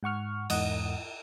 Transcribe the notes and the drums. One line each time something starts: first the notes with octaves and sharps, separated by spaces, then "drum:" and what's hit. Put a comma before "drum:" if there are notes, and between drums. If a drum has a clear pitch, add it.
G#2 F#5 C#6 F6
E2 G#2 D#5 F#5, drum: cymbal